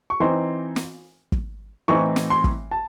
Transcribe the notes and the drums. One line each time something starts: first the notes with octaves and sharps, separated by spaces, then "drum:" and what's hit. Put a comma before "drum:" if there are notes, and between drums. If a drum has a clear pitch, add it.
C#6
E3 C4 D#4 C6
drum: snare
drum: kick
A2 E3 C4 D#4 C#6
drum: snare
C6
drum: kick
A5